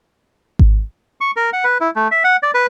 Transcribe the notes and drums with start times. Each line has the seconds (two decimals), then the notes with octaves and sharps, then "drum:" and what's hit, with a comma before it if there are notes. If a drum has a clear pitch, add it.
0.59 drum: kick G#1
1.21 C#6
1.36 A#4
1.53 F#5
1.64 B4
1.80 E4
1.96 A3
2.11 E5
2.24 F#5
2.43 D5
2.54 B4